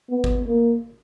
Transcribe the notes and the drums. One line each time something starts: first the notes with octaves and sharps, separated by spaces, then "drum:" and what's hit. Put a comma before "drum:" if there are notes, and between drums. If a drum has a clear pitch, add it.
B3
drum: kick
A#3